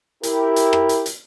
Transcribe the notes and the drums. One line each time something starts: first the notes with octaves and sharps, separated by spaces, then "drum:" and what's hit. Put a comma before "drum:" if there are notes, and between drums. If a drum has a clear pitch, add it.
E4 G4 A#4, drum: hi-hat
drum: hi-hat
drum: rim click
drum: hi-hat
drum: hi-hat